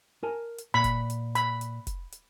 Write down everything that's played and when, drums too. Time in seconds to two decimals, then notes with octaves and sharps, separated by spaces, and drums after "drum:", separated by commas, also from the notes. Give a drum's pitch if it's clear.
0.23 A#4 G#5 A5
0.58 drum: hi-hat
0.74 A#2 B5
0.84 drum: kick F1, hi-hat
1.10 drum: hi-hat
1.35 B5, drum: hi-hat
1.61 drum: hi-hat
1.87 drum: kick F1, hi-hat
2.12 drum: hi-hat